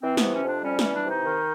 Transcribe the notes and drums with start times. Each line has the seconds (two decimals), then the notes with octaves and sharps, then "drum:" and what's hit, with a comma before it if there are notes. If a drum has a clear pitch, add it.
0.03 E3 C4
0.17 B3, drum: snare
0.22 C3
0.34 C#4
0.44 F2 D4
0.64 G3 C#4
0.79 E3 C#4, drum: snare
0.94 D4
1.05 C3 D#4
1.24 D#3